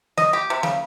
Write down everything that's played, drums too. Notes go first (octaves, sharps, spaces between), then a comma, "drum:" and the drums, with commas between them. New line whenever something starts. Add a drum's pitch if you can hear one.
D#5, drum: snare
G4
C3
C#3, drum: snare